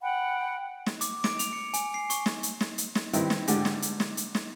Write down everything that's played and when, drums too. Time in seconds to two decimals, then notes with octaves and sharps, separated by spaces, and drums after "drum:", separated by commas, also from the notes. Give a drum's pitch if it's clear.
0.02 F#5 G5 B5
0.86 drum: snare
1.01 D6, drum: hi-hat
1.24 D7, drum: snare
1.39 F7, drum: hi-hat
1.53 C#7
1.74 G#5, drum: hi-hat
1.94 C7
2.10 C#6, drum: hi-hat
2.26 drum: snare
2.43 drum: hi-hat
2.60 drum: snare
2.78 drum: hi-hat
2.95 drum: snare
3.13 G2 D#3 C4 E4 B4, drum: hi-hat
3.30 drum: snare
3.48 G#2 D3 A3 G4, drum: hi-hat
3.65 drum: snare
3.82 drum: hi-hat
4.00 drum: snare
4.17 drum: hi-hat
4.35 drum: snare